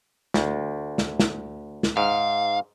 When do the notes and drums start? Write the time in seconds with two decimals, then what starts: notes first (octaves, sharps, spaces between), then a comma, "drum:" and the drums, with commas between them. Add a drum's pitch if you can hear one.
0.34 D2, drum: snare
0.98 drum: snare
1.20 drum: snare
1.83 drum: snare
1.97 G#2 F5